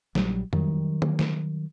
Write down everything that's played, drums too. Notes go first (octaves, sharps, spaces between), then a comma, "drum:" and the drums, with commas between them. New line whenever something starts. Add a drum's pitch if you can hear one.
A#1 F#3 G3, drum: snare
D#3 F#3 G3, drum: tom
drum: tom
drum: snare